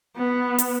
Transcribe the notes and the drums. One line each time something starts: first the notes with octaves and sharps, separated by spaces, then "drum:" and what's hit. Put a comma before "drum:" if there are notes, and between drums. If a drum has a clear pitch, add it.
B3
drum: hi-hat